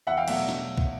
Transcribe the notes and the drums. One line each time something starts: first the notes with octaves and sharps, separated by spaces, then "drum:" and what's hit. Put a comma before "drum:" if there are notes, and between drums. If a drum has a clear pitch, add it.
E2 E5 F#5
F5 G5
B2 F#3 A3 E5 F#5, drum: cymbal
drum: snare
drum: kick